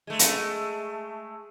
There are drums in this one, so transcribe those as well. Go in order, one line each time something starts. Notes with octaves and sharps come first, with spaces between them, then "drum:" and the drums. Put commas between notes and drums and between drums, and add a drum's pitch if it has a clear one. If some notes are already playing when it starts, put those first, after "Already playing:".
G#3 A3
drum: hi-hat